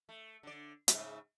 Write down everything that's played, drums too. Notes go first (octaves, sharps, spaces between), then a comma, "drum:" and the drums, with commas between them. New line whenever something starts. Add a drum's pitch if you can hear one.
A3
D3 D5
G#2 C#3 E5, drum: hi-hat